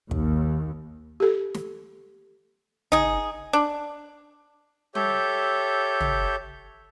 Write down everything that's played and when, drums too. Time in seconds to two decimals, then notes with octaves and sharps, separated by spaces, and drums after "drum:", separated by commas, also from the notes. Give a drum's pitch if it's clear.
0.11 D#2, drum: kick
1.20 G4 A4
1.54 drum: snare
2.92 D#4 G#4, drum: tom
3.53 D4
4.95 G4 A4 C#5 E5 G6, drum: tom G3
6.00 drum: tom